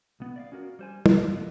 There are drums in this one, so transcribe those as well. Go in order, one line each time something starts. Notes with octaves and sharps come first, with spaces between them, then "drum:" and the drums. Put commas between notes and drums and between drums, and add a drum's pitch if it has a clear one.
B1 B3
D5 E5 F5
C#4 F#4 A#4
G3 C5 G#5
A4 C5 D#5 F5, drum: tom
C#2 B3